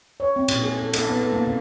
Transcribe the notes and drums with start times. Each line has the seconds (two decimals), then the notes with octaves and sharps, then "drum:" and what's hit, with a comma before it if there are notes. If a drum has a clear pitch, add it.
0.20 C#5
0.36 C4
0.48 A#2, drum: cymbal
0.63 G#4
0.78 A4
0.93 A4, drum: cymbal
1.07 B3
1.19 A4
1.32 A#3
1.47 C3